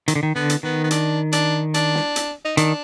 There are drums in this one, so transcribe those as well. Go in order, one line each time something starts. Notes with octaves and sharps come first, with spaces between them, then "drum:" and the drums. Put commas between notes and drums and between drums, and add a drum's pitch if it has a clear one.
D#3, drum: hi-hat
D3
D#3
D3 B3
drum: hi-hat
D#3 B3
B3
D4, drum: hi-hat
D4, drum: hi-hat
D4, drum: hi-hat
drum: snare
drum: hi-hat
D#4
D#3 D4, drum: hi-hat